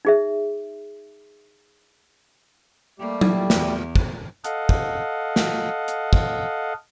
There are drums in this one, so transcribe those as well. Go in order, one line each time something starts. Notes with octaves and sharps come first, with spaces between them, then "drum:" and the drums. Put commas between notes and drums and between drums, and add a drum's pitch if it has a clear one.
D#4 G#4 E5
G3 A3 A#3 G4
drum: tom F#3
E2, drum: snare
drum: kick
A4 D#5 F5 F#5, drum: hi-hat
drum: kick
drum: snare
drum: hi-hat
drum: kick